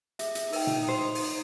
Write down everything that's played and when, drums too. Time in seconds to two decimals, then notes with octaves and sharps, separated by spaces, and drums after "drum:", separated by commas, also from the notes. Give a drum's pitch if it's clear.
0.19 G#4 E5, drum: hi-hat
0.35 drum: hi-hat
0.53 D#4 A#4 B4 G5, drum: open hi-hat
0.67 drum: tom A#2
0.88 C5
1.15 drum: open hi-hat